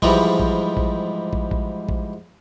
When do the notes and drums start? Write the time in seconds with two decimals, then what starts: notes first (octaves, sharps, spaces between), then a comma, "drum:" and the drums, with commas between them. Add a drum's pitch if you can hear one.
0.02 G#2 E3 F3 G3 G#3, drum: kick
0.40 drum: kick
0.77 drum: kick
1.33 drum: kick
1.51 drum: kick
1.89 drum: kick